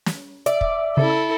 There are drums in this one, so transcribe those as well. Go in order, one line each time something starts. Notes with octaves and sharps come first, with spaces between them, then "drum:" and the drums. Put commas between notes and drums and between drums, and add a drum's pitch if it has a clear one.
drum: snare
D5 E5, drum: hi-hat
drum: kick
C#3 E4 A4